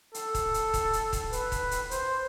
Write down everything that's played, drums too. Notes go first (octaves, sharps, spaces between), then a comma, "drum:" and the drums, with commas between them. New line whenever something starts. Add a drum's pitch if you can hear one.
A4, drum: hi-hat
drum: kick D#1, hi-hat
drum: hi-hat
drum: kick D#1, hi-hat
drum: hi-hat
drum: kick D#1, hi-hat
B4, drum: hi-hat
drum: kick D#1, hi-hat
drum: hi-hat
C5, drum: hi-hat